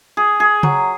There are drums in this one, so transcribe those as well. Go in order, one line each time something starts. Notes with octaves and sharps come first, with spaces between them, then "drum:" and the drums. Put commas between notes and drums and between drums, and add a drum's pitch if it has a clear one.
G#4
G#4
F#3, drum: tom C#3